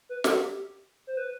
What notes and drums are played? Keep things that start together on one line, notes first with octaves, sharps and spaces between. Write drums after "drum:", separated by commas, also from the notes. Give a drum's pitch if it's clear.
B4
A4, drum: snare
G4
C5
B4